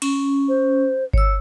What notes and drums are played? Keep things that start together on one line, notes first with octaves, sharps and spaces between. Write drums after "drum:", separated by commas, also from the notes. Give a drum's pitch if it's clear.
C#4, drum: cymbal
C5
C#5 E6, drum: kick G1